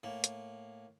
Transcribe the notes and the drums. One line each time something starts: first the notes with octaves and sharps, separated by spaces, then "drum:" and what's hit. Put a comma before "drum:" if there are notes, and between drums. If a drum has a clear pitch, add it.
A2 A#3
drum: hi-hat